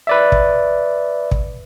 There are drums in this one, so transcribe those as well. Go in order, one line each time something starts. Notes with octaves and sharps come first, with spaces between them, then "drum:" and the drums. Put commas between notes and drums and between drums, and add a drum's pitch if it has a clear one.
B4 D5 E5
drum: kick
drum: kick